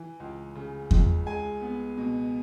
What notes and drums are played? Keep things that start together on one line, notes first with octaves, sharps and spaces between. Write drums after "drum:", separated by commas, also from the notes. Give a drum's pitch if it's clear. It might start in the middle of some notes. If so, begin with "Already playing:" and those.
Already playing: E3
C#2
C#3
C#2, drum: kick E2
G#3 G#5
B3
B2